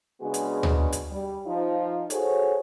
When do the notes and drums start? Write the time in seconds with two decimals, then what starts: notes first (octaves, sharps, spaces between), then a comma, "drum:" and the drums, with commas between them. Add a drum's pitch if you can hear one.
0.21 C#3 G#3 B3 D4 F#4 G#4
0.34 drum: hi-hat
0.63 drum: tom
0.92 drum: hi-hat
1.10 G3
1.46 F3 D#4 F4
2.10 F#4 G#4 A4 C5 C#5, drum: hi-hat